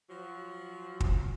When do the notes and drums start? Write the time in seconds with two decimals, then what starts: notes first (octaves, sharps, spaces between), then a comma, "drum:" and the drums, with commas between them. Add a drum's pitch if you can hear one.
0.08 F3 F#3 F#4
1.00 drum: kick